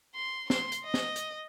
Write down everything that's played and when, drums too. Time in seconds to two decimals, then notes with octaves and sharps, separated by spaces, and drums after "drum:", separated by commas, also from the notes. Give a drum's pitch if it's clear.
0.15 C6
0.50 C6, drum: snare
0.72 drum: hi-hat
0.84 D#5
0.94 drum: snare
1.16 drum: hi-hat